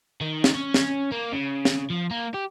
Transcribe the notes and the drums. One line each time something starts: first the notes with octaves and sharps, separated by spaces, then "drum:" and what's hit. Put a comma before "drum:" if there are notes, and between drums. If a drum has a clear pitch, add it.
D#3
drum: snare
C#4
drum: snare
A#3
C#3
drum: snare
F3
A#3
G4